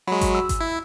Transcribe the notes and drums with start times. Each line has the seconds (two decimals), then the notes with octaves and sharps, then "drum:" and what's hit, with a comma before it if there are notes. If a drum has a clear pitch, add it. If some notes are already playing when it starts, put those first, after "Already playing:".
0.07 F#3 G#3 F#4 B5
0.21 drum: kick G#1, hi-hat
0.35 E6
0.49 drum: kick G#1, hi-hat
0.61 E4